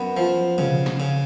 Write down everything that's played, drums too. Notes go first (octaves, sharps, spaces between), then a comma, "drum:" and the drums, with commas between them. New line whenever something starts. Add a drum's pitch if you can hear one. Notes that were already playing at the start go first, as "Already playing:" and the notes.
Already playing: F#2 B3
F3
C#3, drum: tom
drum: snare
C#3